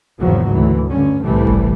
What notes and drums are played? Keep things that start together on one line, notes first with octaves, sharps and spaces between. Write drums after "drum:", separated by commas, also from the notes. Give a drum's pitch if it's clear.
G#1 E2 C#3 F3 F#3
D2 E3
G2 D3 C#4
C2 A2 C3 E3 G3 A3
drum: kick G1